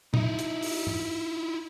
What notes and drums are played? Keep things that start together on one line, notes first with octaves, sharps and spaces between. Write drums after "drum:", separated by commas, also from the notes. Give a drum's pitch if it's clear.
D#4 E4, drum: tom A#2
drum: hi-hat
drum: open hi-hat
drum: tom G#2